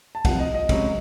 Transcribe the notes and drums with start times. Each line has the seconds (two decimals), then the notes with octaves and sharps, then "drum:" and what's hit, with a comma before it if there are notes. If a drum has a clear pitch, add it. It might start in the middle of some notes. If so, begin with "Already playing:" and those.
0.15 A5
0.25 C2 C3 F3 F#5, drum: kick, cymbal
0.39 D#5
0.54 D#5
0.69 C#2 C3 F#3, drum: kick, cymbal